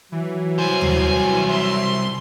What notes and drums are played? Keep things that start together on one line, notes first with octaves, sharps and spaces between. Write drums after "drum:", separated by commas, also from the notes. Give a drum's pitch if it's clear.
E3 F#3
C2 C5 G#5
drum: tom D#2
E5 C6